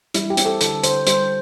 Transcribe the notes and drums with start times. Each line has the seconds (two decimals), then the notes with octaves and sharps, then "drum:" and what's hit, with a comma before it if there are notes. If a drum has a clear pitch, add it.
0.14 G3 E4, drum: hi-hat
0.30 G4
0.37 C4, drum: hi-hat
0.46 A4
0.61 D3 A4, drum: hi-hat
0.83 D3 C5, drum: hi-hat
1.07 G3 C5, drum: hi-hat